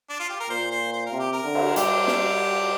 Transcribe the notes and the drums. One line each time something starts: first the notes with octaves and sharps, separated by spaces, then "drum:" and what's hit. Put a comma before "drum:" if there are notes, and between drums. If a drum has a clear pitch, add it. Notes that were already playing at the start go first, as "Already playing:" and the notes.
D4
F4
G4
A#4
A#2 C5
C5
C5
A#4
C3
G4
A#4
D3
drum: cymbal
G3 G4, drum: hi-hat
drum: snare